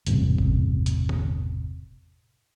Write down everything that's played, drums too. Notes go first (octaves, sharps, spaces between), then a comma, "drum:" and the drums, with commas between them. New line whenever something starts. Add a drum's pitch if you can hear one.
E1 A1 G2 C3, drum: hi-hat
drum: kick G1
drum: hi-hat
drum: tom